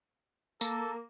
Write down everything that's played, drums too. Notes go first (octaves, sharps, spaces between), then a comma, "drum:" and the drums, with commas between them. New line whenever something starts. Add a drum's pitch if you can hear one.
A#3 A4, drum: tambourine